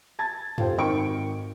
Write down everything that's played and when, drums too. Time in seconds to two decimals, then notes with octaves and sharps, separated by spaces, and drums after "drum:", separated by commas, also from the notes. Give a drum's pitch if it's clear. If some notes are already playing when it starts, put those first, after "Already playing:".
0.19 A5 G#6 A6
0.58 F4 G4 A4 C5 G5, drum: tom
0.77 G#1 D#4 A#4 G5 C#6 D7